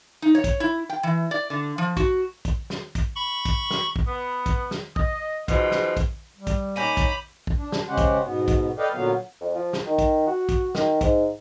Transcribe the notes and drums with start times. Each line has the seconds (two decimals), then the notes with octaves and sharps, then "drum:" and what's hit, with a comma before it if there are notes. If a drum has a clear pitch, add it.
0.22 D#4
0.35 C#5
0.44 drum: kick, hi-hat
0.60 E4
0.89 G5
1.03 E3
1.31 D5
1.50 D3
1.78 F3
1.97 F#4, drum: kick, hi-hat
2.45 drum: kick, hi-hat
2.70 drum: snare
2.95 drum: kick, hi-hat
3.16 B5 C#6
3.45 drum: kick, hi-hat
3.71 drum: snare
3.96 drum: kick
4.06 B3
4.46 drum: kick, hi-hat
4.71 drum: snare
4.96 D#5, drum: kick
5.48 G#2 B2 F3, drum: kick, hi-hat
5.71 drum: snare
5.97 drum: kick, hi-hat
6.36 G3
6.47 drum: kick, hi-hat
6.76 A#3 C#4 D#4 B5 D6 G6 D#7
6.97 drum: kick, hi-hat
7.47 drum: kick
7.58 D4
7.72 drum: snare
7.88 C#3 G#3 C#4 G4 C5 F#5
7.98 drum: kick, hi-hat
8.23 G#2 B2 B3
8.48 drum: kick, hi-hat
8.78 A4 B4 D5 D#5 F5 G5
8.94 A#2 D3 F#3 B3 F5
9.41 F2
9.55 F3
9.73 drum: snare
9.86 D#3
9.98 drum: kick, hi-hat
10.27 F#4
10.49 drum: kick, hi-hat
10.75 D#3, drum: snare
11.01 G#2, drum: kick, hi-hat